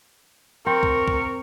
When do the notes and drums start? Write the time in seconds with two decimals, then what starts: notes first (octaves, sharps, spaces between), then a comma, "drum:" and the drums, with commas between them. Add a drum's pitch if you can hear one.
0.66 C4 A#4 C#6
0.83 drum: kick
1.08 drum: kick